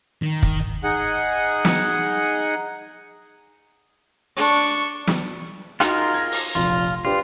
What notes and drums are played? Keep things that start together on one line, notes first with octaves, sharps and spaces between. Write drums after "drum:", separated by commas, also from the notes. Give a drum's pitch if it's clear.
D#3
drum: kick
D#4 G#4 F#5
drum: snare
D4 C#6
drum: snare
D#4 F4 F#4 G#4 A#4, drum: rim click
G#6 A#6
drum: open hi-hat
F1 A#1 F3 F4
D4 F4 G4 B4